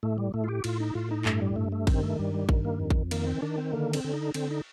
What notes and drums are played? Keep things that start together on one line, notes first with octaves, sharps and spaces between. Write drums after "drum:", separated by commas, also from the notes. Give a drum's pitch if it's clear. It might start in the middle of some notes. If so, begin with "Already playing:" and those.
A2 A3
G3
A2 A3
F4
G4
A2 F4, drum: cymbal
D#4
A2 F4
D#4
G2 A3, drum: clap
G3
G2 A3
A3
D#3 C4, drum: kick A1, cymbal
A3
G2 G3
G3
D#3, drum: kick A1
A#3
F2
drum: kick A1
D#3 A#3, drum: cymbal
C4
D#3 D4
C4
D3 A#3
C4, drum: cymbal
D3
D#4
D3 C4, drum: cymbal
D#4